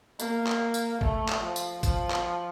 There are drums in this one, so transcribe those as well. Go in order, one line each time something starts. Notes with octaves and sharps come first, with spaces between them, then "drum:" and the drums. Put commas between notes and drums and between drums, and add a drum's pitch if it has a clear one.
A#3, drum: tambourine
drum: clap
drum: tambourine
A3, drum: kick
drum: clap
F3
drum: tambourine
F3, drum: kick, tambourine
drum: clap